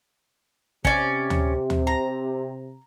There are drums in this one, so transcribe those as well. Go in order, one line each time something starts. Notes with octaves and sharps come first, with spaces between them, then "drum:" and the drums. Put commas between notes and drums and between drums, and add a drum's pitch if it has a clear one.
C3 C#4 D5, drum: kick
drum: tom D2
drum: tom D2
A#5